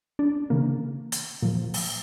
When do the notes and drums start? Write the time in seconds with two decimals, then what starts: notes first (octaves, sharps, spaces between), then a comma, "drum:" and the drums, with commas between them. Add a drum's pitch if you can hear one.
0.19 D4
0.50 C#3 E3 A#3
1.12 drum: hi-hat
1.42 A#2 F3
1.74 drum: open hi-hat